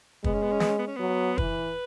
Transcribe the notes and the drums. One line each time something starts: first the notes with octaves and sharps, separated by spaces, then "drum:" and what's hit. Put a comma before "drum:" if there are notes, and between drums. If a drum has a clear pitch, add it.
G#3 B3, drum: kick
C#4
B3
C#4
B3, drum: snare
C#4
B3
C#4
F#3 B3
E3 B4, drum: kick